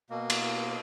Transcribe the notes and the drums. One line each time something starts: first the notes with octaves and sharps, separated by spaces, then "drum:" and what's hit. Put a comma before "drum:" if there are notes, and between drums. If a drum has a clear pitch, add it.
B2 A#3
drum: cymbal